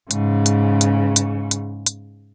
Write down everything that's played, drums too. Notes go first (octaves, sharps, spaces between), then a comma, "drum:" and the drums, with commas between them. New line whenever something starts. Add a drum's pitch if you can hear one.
G#2 C#3, drum: hi-hat
drum: hi-hat
drum: hi-hat
drum: hi-hat
drum: hi-hat
drum: hi-hat